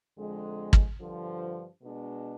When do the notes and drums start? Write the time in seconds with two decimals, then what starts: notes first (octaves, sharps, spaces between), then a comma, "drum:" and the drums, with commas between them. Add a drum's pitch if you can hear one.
0.17 F2 D3 G#3
0.73 drum: kick
0.99 G2 D3 F3
1.81 B2 G#3 D4